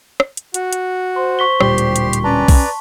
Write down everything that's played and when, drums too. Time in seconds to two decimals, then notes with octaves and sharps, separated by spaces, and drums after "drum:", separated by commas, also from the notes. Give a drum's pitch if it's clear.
0.20 drum: rim click
0.37 drum: hi-hat
0.54 F#4, drum: hi-hat
0.73 drum: hi-hat
1.16 C5 C6
1.39 C#6 B6 G7
1.60 D1 A#2 G3 G4 C6, drum: rim click
1.78 drum: hi-hat
1.96 drum: hi-hat
2.13 drum: hi-hat
2.24 C#4 B4 D5 A5 A#5
2.48 drum: kick B1, open hi-hat